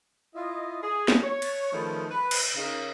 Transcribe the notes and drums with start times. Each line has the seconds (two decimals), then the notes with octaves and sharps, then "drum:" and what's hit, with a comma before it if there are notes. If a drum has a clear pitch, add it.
0.35 E4 F4 D#5
0.83 G#4
1.08 drum: snare
1.23 C#5
1.42 drum: cymbal
1.72 D#3 F3 G#3 A3 C#4 B4
2.10 B4
2.31 drum: cymbal
2.57 C#3 D#4 A#4